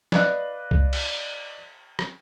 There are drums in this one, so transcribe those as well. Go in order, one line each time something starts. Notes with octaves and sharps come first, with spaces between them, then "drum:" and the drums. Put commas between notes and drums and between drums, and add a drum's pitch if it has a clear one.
B4 D5 D#5 F5 F#6, drum: snare
drum: kick C2
drum: cymbal
drum: rim click